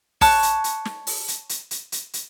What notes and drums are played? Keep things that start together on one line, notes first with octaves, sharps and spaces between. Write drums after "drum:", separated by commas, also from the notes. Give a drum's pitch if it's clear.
C#5 A5 F#6, drum: kick, open hi-hat
drum: hi-hat
drum: hi-hat
drum: snare
drum: open hi-hat
drum: hi-hat
drum: hi-hat
drum: hi-hat
drum: hi-hat
drum: hi-hat